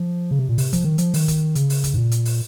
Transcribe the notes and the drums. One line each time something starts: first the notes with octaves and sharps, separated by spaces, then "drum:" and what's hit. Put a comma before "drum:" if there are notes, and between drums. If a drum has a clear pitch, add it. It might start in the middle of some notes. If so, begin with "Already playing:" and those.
Already playing: F3
C#3
C3
A#2
C3, drum: open hi-hat
F3, drum: kick, hi-hat
D#3
F3, drum: hi-hat
D#3, drum: open hi-hat
drum: kick, hi-hat
C#3, drum: hi-hat
drum: open hi-hat
drum: kick, hi-hat
G#2
A#2
drum: hi-hat
drum: open hi-hat